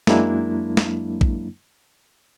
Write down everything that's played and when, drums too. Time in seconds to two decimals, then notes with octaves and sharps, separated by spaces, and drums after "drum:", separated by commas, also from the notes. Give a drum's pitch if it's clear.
0.07 F#2 F#3 G#3 A#3 D4 E4, drum: snare
0.77 drum: snare
1.21 drum: kick A1